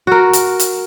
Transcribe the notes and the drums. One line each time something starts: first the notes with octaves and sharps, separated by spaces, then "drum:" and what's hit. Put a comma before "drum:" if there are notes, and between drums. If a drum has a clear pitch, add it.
F#4 A#4
drum: hi-hat
drum: hi-hat